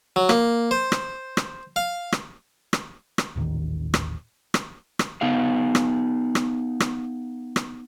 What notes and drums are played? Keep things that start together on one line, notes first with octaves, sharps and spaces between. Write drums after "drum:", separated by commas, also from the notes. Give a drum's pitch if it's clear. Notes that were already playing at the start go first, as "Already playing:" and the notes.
F#3
A#3, drum: rim click
C5
drum: rim click
drum: rim click
F5
drum: rim click
drum: rim click
drum: rim click
D#1 A1 D#2 D#3
drum: rim click
drum: rim click
drum: rim click
B3 D#4 G#4 F5
drum: rim click
drum: rim click
drum: rim click
drum: rim click